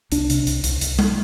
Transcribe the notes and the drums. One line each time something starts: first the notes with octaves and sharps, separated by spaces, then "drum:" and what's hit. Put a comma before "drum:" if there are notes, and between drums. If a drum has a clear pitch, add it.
C2 D4, drum: hi-hat
C3, drum: hi-hat
C2, drum: hi-hat
C2, drum: hi-hat
C2, drum: hi-hat
drum: tom G3